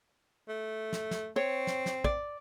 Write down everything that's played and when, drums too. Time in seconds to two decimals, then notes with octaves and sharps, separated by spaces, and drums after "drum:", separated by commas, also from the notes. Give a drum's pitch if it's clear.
0.48 A3
0.93 drum: snare
1.11 drum: snare
1.36 C4 C#5
1.67 drum: snare
1.86 drum: snare
2.04 D5, drum: kick